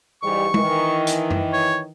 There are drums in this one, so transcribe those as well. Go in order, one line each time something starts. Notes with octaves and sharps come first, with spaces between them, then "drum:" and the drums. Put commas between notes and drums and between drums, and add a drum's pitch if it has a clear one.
G#2 E3 G3 C#6
D#3 E3, drum: tom G#3
drum: hi-hat
drum: tom F#2
C#5